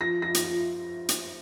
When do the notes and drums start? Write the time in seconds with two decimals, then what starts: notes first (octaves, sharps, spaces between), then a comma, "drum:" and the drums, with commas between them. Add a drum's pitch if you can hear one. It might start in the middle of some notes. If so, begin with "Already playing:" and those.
0.01 F3 A#6
0.22 F3 A#6
0.34 drum: hi-hat
0.44 F3
1.09 drum: hi-hat